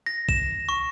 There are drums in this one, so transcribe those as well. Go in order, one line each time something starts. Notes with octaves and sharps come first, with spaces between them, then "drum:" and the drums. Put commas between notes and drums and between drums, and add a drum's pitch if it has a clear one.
A#6
E7, drum: kick A#1
C#6